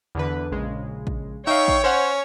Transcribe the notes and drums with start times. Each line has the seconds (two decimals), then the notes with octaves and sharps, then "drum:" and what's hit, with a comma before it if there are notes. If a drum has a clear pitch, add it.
0.15 E2 D3 B4
0.51 A#1 C#3 G#3
1.07 drum: kick
1.47 D#4 C#5 E5 F5 G5 C#6
1.68 drum: kick
1.84 C#4 C5 F#5